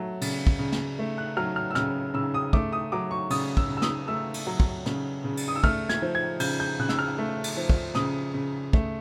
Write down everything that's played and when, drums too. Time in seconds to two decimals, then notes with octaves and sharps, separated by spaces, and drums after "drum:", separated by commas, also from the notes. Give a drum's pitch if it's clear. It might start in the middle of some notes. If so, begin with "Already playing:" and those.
Already playing: F#3 A3
0.21 C#3, drum: cymbal
0.47 drum: kick
0.59 C#3
0.72 drum: snare
0.99 A3
1.18 F#6
1.37 F#3 F6
1.56 F6
1.71 E6
1.75 C#3 F6, drum: snare
2.14 C#3 E6
2.34 D#6
2.53 A3 D6, drum: kick
2.73 D#6
2.92 F#3 D6
3.11 C#6
3.30 C#3 D#6, drum: cymbal
3.57 E6, drum: kick
3.69 C#3
3.77 E6
3.82 D#6, drum: snare
4.08 A3 E6
4.34 drum: cymbal
4.47 F#3
4.60 drum: kick
4.86 C#3, drum: snare
5.24 C#3
5.37 drum: cymbal
5.48 D#6
5.56 E6
5.64 A3 F6, drum: kick
5.89 G#6, drum: snare
6.02 F3
6.15 G#6
6.40 C#3 G6, drum: cymbal
6.60 G6
6.79 C#3 F#6
6.89 E6, drum: snare
6.99 F6
7.18 A3
7.44 drum: cymbal
7.57 F3
7.70 drum: kick
7.95 C#3 D#6, drum: snare
8.34 C#3
8.73 A3, drum: kick